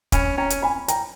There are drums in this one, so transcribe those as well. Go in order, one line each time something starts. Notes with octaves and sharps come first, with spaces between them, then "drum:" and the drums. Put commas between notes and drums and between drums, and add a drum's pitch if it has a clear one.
C#4 G#5 B5, drum: kick, hi-hat
C#4 G5 A#5
drum: hi-hat
G#5 B5
G5 A#5, drum: hi-hat